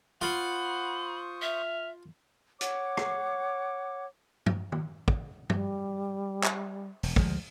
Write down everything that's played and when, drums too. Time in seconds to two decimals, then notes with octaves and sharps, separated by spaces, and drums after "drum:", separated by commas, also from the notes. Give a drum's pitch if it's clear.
0.22 F4 C5 F#5 B5 C#6 D#6
1.42 E5 F6
2.61 C#5 F#5 D6, drum: hi-hat
2.97 drum: rim click
4.46 drum: tom
4.72 drum: tom D#3
5.08 drum: kick
5.50 G3, drum: tom
6.43 drum: clap
7.03 E1, drum: open hi-hat
7.16 D2 F3 G#3, drum: kick